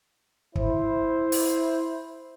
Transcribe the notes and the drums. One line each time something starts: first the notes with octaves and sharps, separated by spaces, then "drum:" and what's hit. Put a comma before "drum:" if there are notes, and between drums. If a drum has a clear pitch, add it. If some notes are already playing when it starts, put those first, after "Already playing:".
E4 C5, drum: kick
drum: open hi-hat